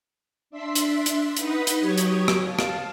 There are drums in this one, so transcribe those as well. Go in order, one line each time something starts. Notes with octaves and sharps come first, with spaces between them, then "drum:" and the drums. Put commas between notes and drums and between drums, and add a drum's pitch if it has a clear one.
D4 E5 C6 B6
drum: hi-hat
drum: hi-hat
D#4 B4 F#5 B5 D#6, drum: hi-hat
drum: hi-hat
F#3 G4 C#5 C#6 D#6 G#6
drum: hi-hat
drum: rim click
F5 A5
drum: rim click